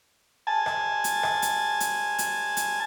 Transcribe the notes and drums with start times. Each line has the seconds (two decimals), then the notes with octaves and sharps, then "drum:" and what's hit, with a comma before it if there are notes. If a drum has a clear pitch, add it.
0.47 G#5 A5
0.66 drum: rim click
1.04 drum: hi-hat
1.23 drum: rim click
1.42 drum: hi-hat
1.80 drum: hi-hat
2.18 drum: hi-hat
2.57 drum: hi-hat